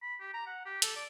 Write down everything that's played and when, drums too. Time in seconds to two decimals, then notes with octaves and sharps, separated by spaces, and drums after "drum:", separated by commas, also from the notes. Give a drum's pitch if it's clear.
0.02 B5
0.20 G4
0.34 A#5
0.47 F#5
0.65 G4
0.82 A4, drum: hi-hat
0.96 D5